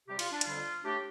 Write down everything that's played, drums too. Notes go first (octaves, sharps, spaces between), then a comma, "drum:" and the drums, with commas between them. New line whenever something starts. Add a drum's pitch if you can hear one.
C3 G3 G4
F4, drum: cymbal
D4
F4, drum: hi-hat
F2 D3 G3
A2 A3 D4 G4